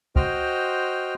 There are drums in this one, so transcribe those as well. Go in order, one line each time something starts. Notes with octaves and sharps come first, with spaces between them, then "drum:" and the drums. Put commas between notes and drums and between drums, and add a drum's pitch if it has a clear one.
F#4 C5 D#5 G5 F6, drum: kick C2